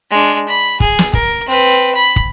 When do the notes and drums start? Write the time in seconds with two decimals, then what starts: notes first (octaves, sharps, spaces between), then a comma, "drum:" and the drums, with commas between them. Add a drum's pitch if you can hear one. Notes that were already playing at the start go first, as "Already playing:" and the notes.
0.11 G#3 D4
0.48 B5
0.80 G#4, drum: kick
0.99 drum: snare
1.13 A#4, drum: kick
1.47 C4 B4
1.95 B5
2.16 drum: kick